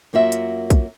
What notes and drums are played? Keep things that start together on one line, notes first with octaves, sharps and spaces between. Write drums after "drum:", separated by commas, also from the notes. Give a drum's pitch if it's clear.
F#2 A#3 F4 F#4 E5
drum: hi-hat
drum: kick, hi-hat